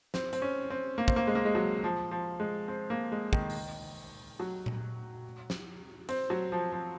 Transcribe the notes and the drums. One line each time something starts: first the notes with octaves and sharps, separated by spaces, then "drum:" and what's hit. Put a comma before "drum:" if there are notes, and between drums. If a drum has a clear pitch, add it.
C4, drum: snare
C4, drum: hi-hat
C#4
C4
A#3
C4, drum: kick
A#3
G#3
A#3
G#3
F#3
F3
F3
G#3
C4
A#3
G#3
D#3, drum: kick
drum: open hi-hat
F#3
drum: tom A#2
drum: snare
C4, drum: hi-hat
F#3
F3
F3